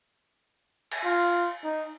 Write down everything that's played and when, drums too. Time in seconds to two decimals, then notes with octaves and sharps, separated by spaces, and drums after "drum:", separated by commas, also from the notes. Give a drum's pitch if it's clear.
0.92 drum: cymbal
1.05 F4
1.64 D#4